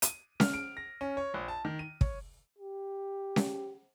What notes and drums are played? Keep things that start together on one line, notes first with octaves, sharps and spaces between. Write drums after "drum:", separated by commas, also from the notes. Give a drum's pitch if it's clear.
D#7, drum: hi-hat
F6, drum: snare C#4
D7
A#6
C#4
C#5
A#1
A5
D#3
D#7
C#5, drum: kick
G4
drum: snare C#4